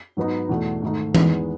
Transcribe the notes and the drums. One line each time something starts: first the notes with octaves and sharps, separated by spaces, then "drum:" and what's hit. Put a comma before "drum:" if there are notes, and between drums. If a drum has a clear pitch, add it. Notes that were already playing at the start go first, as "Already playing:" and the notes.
G#2 F#3 B3 D#4
E2 B2 A3
G#2 D#3 A3 D#4
E2 D#3 G#3 B3, drum: tom